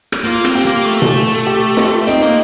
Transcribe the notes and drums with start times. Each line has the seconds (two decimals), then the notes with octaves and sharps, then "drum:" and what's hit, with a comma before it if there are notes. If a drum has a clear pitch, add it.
0.12 drum: rim click
0.24 A#3 F4
0.45 C4, drum: rim click
0.55 G4
0.65 A#3
0.85 A3
1.02 drum: tom B2
1.47 G4
1.77 F4, drum: snare
2.07 C4 D#4
2.22 A#3